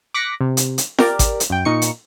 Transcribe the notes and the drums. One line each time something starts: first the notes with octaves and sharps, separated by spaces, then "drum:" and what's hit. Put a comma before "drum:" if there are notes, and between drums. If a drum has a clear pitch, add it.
D6 F#6 A#6 B6 C#7
C3
drum: hi-hat
drum: hi-hat
G4 A#4 D5, drum: snare F4
drum: kick G#1, hi-hat
drum: hi-hat
F#2 G5
A#2 D#4 C#6 C#7
drum: hi-hat